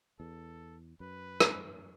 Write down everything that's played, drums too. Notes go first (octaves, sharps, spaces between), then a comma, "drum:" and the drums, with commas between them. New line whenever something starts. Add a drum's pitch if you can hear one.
E2 A4
F#2 B4
drum: rim click